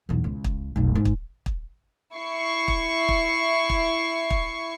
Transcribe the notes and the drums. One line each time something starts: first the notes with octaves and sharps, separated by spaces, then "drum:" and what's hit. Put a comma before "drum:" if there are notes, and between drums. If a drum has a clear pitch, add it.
B1 E2
C#2
drum: kick
F1 B1
G#2 G#3
drum: kick
drum: kick
E4 C#6 C7
drum: kick
drum: kick
drum: kick
drum: kick